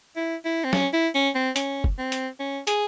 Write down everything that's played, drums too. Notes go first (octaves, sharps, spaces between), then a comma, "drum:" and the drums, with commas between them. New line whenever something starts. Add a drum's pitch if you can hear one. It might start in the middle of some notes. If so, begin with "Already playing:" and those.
E4
E4
C4
C#4, drum: snare F#3
E4
C#4
C4
C#4, drum: hi-hat
drum: kick F#1
C4
drum: hi-hat
C#4
G#4, drum: hi-hat